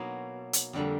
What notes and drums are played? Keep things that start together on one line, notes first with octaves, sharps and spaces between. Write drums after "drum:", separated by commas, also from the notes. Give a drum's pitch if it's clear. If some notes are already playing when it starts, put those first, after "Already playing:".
Already playing: B2 F#3 A#3 D#4 F#4
drum: hi-hat
F2 D3 G3 A#3